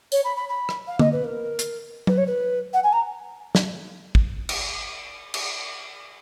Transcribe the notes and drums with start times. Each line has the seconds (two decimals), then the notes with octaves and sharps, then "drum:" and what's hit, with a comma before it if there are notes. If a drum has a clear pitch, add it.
0.12 C#5, drum: tambourine
0.24 B5
0.36 B5
0.49 B5
0.69 drum: rim click
0.87 F5
0.99 D#5, drum: tom
1.12 B4
1.24 A#4
1.59 drum: hi-hat
2.07 B4, drum: tom F#3
2.17 C#5
2.26 B4
2.73 F#5
2.83 G#5
2.92 A#5
3.55 drum: snare
4.15 drum: kick
4.49 drum: cymbal
5.34 drum: cymbal